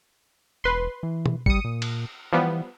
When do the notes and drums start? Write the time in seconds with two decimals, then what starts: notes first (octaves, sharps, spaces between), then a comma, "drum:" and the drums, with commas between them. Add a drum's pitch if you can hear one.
0.64 E1 B4 C6
1.03 E3
1.26 drum: tom
1.46 G3 D#6 C#7, drum: kick G#1
1.64 A#2
1.82 drum: cymbal
2.32 E3 F3 G3 B3